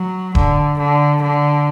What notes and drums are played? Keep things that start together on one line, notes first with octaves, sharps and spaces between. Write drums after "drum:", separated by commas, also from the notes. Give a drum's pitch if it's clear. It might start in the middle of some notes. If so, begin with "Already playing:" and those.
Already playing: F#3
D3, drum: kick D#1
D3
D3